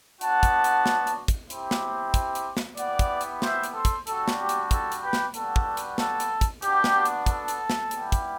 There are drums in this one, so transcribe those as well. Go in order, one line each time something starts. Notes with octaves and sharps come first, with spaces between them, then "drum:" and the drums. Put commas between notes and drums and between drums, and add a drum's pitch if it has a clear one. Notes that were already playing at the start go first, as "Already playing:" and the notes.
B3 D4 F#4 F#5 A5, drum: hi-hat
drum: kick, hi-hat
drum: hi-hat
drum: snare
drum: hi-hat
drum: kick, hi-hat
C4 E4 G4, drum: hi-hat
drum: snare
drum: kick, hi-hat
drum: hi-hat
drum: snare
B3 E4 G4 D5 F#5, drum: hi-hat
drum: kick, hi-hat
drum: hi-hat
C5 E5, drum: snare
drum: hi-hat
A4 C5
drum: kick, hi-hat
G3 D4 F#4 A4, drum: hi-hat
drum: snare
G4
drum: hi-hat
A4, drum: kick, hi-hat
drum: hi-hat
G4 B4
drum: snare
G3 B3 D4 F#4 A4, drum: hi-hat
drum: kick
drum: hi-hat
A4, drum: snare
drum: hi-hat
drum: kick, hi-hat
B3 D4 F#4 G4, drum: hi-hat
drum: snare
drum: hi-hat
A4, drum: kick, hi-hat
drum: hi-hat
drum: snare
G3 B3 E4 G4, drum: hi-hat
drum: kick, hi-hat